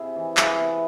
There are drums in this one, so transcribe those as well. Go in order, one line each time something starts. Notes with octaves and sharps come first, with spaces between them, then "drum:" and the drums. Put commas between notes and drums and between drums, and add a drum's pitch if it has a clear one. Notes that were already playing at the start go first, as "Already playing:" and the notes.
Already playing: C3 E4 G#4
E3
C3 G#4 B4, drum: clap
B3